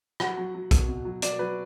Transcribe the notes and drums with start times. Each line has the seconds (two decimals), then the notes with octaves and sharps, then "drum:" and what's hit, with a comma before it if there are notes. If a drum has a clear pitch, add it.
0.20 F#3 F#5, drum: rim click
0.37 F#3
0.54 F#3
0.71 B2, drum: kick A#1, hi-hat
0.88 B2
1.05 F#3
1.22 F#3 D5, drum: hi-hat
1.39 F#3 B4